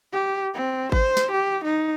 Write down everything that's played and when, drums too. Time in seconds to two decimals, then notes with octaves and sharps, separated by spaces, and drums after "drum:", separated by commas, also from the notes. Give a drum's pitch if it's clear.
0.12 G4
0.54 C4
0.92 C5, drum: kick G#1
1.17 drum: snare
1.31 G4
1.64 D#4